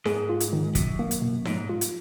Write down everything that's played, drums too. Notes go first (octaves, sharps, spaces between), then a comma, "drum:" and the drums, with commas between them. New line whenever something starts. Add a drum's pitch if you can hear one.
G#2 G#4, drum: snare D#4
F4
drum: hi-hat
D#3
F#2 B2, drum: kick, hi-hat
A#3
drum: hi-hat
B2
G#2 F3, drum: snare D#4
F4
drum: hi-hat